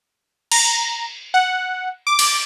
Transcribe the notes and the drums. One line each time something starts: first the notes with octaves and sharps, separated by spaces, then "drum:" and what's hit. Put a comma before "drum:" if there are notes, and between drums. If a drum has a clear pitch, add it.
A#5, drum: cymbal
F#5
D6
drum: cymbal